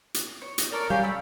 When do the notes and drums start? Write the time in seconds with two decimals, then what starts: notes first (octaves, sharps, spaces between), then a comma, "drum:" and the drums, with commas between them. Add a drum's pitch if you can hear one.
0.14 drum: hi-hat
0.42 C#5
0.58 D#4, drum: hi-hat
0.72 A4 A#4 C#5 D5
0.90 G3 C#4 G4 F5
1.03 A3 B5 E6